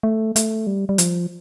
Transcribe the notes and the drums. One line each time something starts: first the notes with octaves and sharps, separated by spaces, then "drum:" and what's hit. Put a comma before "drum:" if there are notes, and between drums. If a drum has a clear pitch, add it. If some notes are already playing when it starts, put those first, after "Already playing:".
A3
A3, drum: hi-hat
G3
G3
F3, drum: hi-hat